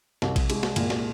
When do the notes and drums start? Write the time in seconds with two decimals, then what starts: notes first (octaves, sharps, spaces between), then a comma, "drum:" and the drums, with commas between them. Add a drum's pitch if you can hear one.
0.22 C2, drum: snare
0.36 drum: kick A#1, cymbal
0.50 G#3, drum: cymbal
0.63 drum: snare
0.76 A#2, drum: cymbal
0.90 drum: snare